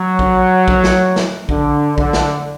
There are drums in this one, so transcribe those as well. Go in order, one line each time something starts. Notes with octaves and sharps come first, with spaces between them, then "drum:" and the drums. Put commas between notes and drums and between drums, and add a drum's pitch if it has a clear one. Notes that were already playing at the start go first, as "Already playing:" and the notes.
Already playing: F#3
drum: kick A#1
drum: kick A#1
drum: snare
drum: snare
D3, drum: kick A#1
D3, drum: kick A#1
drum: snare